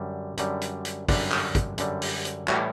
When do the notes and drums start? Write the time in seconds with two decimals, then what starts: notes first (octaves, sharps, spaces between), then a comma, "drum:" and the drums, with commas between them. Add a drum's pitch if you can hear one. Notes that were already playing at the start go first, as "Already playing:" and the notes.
Already playing: F#2 D3 G3
0.38 F#2 D3 G3, drum: hi-hat
0.62 drum: hi-hat
0.85 drum: hi-hat
1.08 F#2 D3 G3 D4, drum: kick, open hi-hat
1.32 drum: clap
1.55 drum: kick, hi-hat
1.78 F#2 D3 G3, drum: hi-hat
2.02 drum: open hi-hat
2.25 drum: hi-hat
2.48 A2 E3 G3 F#4, drum: clap